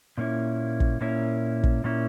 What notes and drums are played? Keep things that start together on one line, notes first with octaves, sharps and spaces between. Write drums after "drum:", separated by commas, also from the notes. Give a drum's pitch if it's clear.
A#2 A#3 C#4 E4
drum: kick
A#2 A#3 C#4 E4
drum: kick
A#2 A#3 C#4 E4